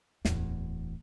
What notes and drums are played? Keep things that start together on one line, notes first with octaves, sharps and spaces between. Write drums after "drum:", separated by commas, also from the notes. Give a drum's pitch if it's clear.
D1 E2, drum: snare